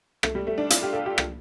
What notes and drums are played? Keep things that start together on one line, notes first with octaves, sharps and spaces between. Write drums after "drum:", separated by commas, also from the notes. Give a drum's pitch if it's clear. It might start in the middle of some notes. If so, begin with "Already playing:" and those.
A3, drum: rim click
G3
A3
D4
F4, drum: hi-hat
G4
A4
G4
drum: rim click